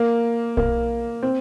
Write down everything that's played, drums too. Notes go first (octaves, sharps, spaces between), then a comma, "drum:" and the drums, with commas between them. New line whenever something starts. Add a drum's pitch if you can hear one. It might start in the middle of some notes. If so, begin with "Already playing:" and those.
Already playing: A#3
A#3, drum: kick
C4